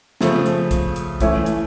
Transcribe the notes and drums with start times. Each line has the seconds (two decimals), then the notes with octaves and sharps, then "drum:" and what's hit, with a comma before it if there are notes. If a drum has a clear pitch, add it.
0.21 C#3 F3 A3, drum: snare
0.46 drum: hi-hat
0.71 drum: kick, hi-hat
0.96 drum: hi-hat
1.21 E3 A3 C#4 E4, drum: kick, hi-hat
1.46 drum: hi-hat